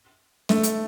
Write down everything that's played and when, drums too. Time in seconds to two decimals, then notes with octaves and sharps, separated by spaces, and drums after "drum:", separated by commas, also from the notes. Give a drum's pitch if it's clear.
0.49 A3, drum: snare
0.63 drum: hi-hat